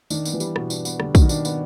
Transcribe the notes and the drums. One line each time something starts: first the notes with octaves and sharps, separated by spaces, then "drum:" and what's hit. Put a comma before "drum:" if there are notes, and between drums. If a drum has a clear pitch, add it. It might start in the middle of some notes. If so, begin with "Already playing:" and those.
D#3 D4, drum: tambourine
B3, drum: tambourine
E3
G3, drum: tambourine
B2, drum: rim click
D4, drum: tambourine
B3, drum: tambourine
D3 G3, drum: rim click
B2, drum: kick, tambourine
D#3
D4, drum: tambourine
B3, drum: tambourine